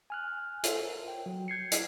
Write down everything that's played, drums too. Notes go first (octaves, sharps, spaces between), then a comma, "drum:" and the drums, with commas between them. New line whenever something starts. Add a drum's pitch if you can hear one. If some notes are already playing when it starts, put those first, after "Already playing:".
G#5 F6 F#6
F4 A4 C5 C#5 E5, drum: hi-hat
A#4
G5
F#3
G6 G#6 C7 C#7
drum: hi-hat